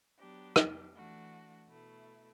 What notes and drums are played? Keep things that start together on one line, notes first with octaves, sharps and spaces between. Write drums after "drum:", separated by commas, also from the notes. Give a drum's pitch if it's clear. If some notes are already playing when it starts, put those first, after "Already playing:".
F#3 B3 D4 G4
drum: rim click
E3 A3 D4 F#4
B2 A3 E4